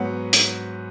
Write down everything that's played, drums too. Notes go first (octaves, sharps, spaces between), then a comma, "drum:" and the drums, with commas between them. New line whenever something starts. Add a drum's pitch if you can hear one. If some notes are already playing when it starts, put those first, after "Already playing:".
Already playing: G#2 F#3 B3 F#5
drum: hi-hat